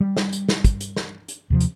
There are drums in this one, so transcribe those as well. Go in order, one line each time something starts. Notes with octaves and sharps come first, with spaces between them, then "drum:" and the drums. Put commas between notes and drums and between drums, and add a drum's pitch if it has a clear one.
G3
drum: snare
drum: hi-hat
drum: snare
drum: kick, hi-hat
drum: hi-hat
drum: snare
drum: hi-hat
D#2 C3 F3
drum: hi-hat